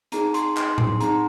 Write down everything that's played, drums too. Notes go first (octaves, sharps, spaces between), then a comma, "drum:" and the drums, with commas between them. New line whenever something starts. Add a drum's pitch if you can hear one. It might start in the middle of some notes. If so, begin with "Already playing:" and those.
C4 D#4 G#4 A#5, drum: hi-hat
C6, drum: hi-hat
C6, drum: clap
C6, drum: tom A2
C4 D#4 G#4 A#5, drum: hi-hat